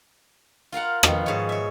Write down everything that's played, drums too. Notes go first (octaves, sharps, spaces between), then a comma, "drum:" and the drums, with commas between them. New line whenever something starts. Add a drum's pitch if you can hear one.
F4 A#4 F5 F#5
B2 D#3 F3, drum: rim click
G#2 C#5
C#5 E5